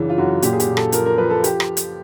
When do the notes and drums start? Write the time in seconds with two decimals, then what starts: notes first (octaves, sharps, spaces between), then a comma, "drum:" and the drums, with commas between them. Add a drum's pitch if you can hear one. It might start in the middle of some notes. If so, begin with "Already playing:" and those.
Already playing: F#2 C#3 E3 C#4 D4
0.09 F4
0.18 F#2 F#4
0.42 A#2 G4, drum: hi-hat
0.53 G#4
0.60 G4, drum: hi-hat
0.67 A#2
0.77 A4, drum: rim click
0.92 F3 A#4, drum: hi-hat
1.05 A#4
1.18 F3 B4
1.30 A4
1.44 G4, drum: hi-hat
1.60 drum: rim click
1.77 drum: hi-hat